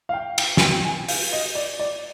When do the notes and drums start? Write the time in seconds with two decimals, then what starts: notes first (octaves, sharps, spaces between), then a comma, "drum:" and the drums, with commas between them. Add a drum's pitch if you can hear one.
0.09 F5
0.13 G5
0.38 G5, drum: cymbal
0.57 G#5, drum: snare
0.61 G5
0.85 G#5
1.08 F5, drum: open hi-hat
1.33 D#5
1.55 D5
1.80 D5